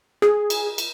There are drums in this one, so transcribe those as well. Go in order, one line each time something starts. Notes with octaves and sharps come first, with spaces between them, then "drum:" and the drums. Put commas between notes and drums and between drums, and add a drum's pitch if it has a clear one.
G#4, drum: rim click
drum: cymbal
drum: cymbal